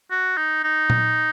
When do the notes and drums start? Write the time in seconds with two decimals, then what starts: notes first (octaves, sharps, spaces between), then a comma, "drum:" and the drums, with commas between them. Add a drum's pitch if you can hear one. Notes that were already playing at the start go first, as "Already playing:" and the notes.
0.11 F#4
0.37 D#4
0.63 D#4
0.90 drum: tom A#2